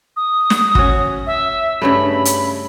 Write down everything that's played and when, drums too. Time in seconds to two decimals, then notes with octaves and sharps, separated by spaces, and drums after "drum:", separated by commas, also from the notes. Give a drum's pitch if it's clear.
0.17 D#6
0.50 drum: snare
0.75 C#4 F#4, drum: kick
1.26 E5
1.82 G2 C#3 A3 B5
2.25 drum: hi-hat